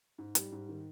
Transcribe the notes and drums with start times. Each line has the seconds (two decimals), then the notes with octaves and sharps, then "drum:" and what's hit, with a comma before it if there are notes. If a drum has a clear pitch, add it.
0.18 G#2
0.35 G3, drum: hi-hat
0.52 G#2
0.69 D#3